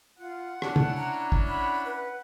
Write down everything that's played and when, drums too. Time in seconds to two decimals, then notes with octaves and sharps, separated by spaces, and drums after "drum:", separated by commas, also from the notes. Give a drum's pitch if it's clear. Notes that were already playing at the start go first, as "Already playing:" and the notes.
0.19 F4 F#5
0.62 C#4 D4 E4 A5, drum: rim click
0.76 drum: tom
0.97 A#5
1.32 drum: kick
1.48 F#5 B5
1.85 B4